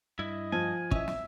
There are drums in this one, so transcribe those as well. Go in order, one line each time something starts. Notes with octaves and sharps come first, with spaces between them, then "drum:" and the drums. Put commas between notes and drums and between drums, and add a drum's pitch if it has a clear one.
G2 E4 D#5
F3 G#5
C#4 E4 D#5 E5, drum: kick
drum: snare